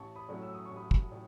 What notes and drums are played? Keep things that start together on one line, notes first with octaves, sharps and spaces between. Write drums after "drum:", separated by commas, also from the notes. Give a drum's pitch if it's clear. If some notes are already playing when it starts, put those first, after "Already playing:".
Already playing: A1 A5 C#6
B5 D#6
A2 F#3 A3 C#4
E6
D#6
A1 C#6
B5 D#6
drum: kick
A2